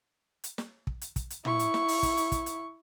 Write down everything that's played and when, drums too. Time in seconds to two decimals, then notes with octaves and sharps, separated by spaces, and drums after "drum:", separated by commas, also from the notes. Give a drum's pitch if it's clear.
0.44 drum: hi-hat
0.58 drum: snare
0.87 drum: kick
1.01 drum: hi-hat
1.16 drum: kick, hi-hat
1.30 drum: hi-hat
1.45 E4 C#6, drum: tom
1.59 drum: hi-hat
1.74 drum: snare
1.88 drum: open hi-hat
2.03 drum: kick, hi-hat
2.17 drum: hi-hat
2.32 drum: kick, hi-hat
2.46 drum: hi-hat